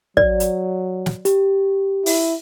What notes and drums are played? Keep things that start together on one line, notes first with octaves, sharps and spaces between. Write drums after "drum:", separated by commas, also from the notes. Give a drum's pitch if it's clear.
F#3 D5, drum: kick
drum: hi-hat
drum: snare
G4, drum: hi-hat
E4, drum: open hi-hat